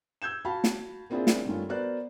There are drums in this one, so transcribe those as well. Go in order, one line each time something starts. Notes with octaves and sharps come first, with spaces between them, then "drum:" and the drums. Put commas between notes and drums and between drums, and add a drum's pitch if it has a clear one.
E6 G6 G#6 E7
F#4 F5 A5 B5
drum: snare
A#3 C4 D4 E4 F4 G#4
drum: snare
G2 D#3 A3 C#4 F4
B3 F#4 A#4 C5 D5 F#6